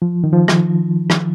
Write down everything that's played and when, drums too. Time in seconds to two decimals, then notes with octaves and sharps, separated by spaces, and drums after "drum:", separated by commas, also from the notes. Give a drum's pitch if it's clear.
0.02 F3
0.24 D#3
0.33 F3
0.48 drum: rim click
1.10 drum: rim click